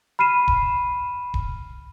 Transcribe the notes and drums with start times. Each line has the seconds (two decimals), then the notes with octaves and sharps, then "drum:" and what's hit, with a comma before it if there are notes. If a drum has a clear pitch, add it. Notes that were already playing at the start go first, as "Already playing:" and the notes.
0.19 B5 F6 C7 D#7 E7
0.48 drum: kick D#1
1.34 drum: kick D#1